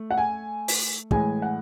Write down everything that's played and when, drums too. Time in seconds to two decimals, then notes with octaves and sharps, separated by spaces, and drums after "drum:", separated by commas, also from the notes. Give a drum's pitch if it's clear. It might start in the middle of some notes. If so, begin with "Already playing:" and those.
Already playing: A3
0.11 F#5
0.18 G#5
0.68 drum: open hi-hat
1.11 A2 E3 G#3 G#5, drum: kick
1.42 F#5